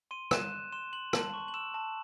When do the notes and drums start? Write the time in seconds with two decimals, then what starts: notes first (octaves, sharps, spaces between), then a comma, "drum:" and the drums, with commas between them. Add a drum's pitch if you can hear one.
0.11 C6 D#7
0.31 F#6 E7, drum: rim click
0.52 F#6
0.72 C6 E7
0.93 C6 F#7
1.13 A5 F#7, drum: rim click
1.34 C#6
1.48 F#7
1.54 E6 E7
1.74 A5